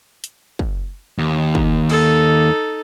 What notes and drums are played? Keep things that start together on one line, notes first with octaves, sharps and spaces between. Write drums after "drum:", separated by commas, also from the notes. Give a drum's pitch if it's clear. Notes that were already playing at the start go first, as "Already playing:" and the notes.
drum: hi-hat
drum: kick
D#2
drum: kick
D#4 A4, drum: cymbal